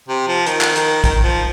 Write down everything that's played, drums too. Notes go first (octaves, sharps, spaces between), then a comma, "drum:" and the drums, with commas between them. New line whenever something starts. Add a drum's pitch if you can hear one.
C3
F3
D#3, drum: hi-hat
drum: clap
D#3, drum: hi-hat
D#3, drum: kick, hi-hat
D#3
F3